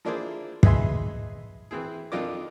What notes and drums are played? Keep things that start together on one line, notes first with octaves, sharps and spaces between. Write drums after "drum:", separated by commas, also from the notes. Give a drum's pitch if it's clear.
F3 A#3 D4 E4 G#4 C5
G#4 B4 D#5 E5 G#5 C6, drum: kick
E3 C4 E4 G#4
F2 D#3 D4 F4 D#5 D6